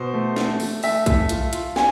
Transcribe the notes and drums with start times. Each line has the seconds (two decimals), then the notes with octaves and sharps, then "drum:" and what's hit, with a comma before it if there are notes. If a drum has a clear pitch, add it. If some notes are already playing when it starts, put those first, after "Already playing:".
Already playing: B2 C5
0.14 A3
0.36 A3, drum: snare
0.60 A3, drum: open hi-hat
0.83 A3 E5, drum: open hi-hat
1.06 A3, drum: kick, hi-hat
1.29 F4, drum: hi-hat
1.53 F4, drum: hi-hat
1.76 G#5, drum: snare